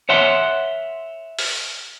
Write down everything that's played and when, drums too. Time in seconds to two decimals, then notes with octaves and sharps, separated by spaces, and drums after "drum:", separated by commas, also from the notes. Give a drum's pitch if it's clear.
0.09 C#5 E5 F#5 C6
1.39 drum: open hi-hat